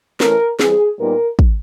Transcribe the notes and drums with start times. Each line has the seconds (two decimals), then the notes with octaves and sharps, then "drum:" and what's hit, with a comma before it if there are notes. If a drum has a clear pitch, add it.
0.20 E3 A3 C#4 A#4, drum: snare
0.60 E3 G3 C4 G#4, drum: snare
1.00 A#2 G3 B3 D#4 A#4
1.39 drum: kick